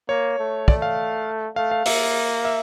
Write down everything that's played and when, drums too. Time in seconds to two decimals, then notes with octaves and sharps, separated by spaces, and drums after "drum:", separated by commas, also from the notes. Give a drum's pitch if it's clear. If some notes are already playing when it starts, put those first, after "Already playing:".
0.09 A#3 C#5
0.39 A3
0.68 A3 D5, drum: kick
0.82 F5
1.56 A3 F5
1.71 F5
1.85 A#3 E5, drum: open hi-hat
2.45 E5